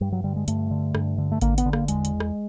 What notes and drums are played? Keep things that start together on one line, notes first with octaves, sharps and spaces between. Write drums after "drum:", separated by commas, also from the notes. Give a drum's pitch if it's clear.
G2 G3
F#3
D3 G3
G#3
G2 A3, drum: hi-hat
D3
G2, drum: rim click
D3
A3
D3 A#3, drum: kick G#1, hi-hat
B3, drum: hi-hat
D3
A#3, drum: rim click
E2 G#3, drum: hi-hat
drum: hi-hat
drum: rim click